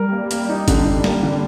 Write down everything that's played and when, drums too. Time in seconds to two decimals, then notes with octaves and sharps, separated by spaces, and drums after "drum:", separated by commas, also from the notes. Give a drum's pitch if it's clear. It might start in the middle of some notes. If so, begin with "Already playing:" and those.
Already playing: G3 A#4
0.12 A#3
0.31 A#3, drum: hi-hat
0.49 D#4
0.68 D3 G3, drum: kick, hi-hat
0.85 D3
1.04 A#3, drum: snare
1.23 D3